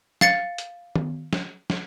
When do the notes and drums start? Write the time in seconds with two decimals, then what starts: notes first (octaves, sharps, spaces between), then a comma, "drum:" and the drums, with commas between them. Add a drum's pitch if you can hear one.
0.21 F5 A6 C#7, drum: snare
0.58 drum: hi-hat
0.96 drum: tom D#3
1.33 drum: snare
1.70 drum: snare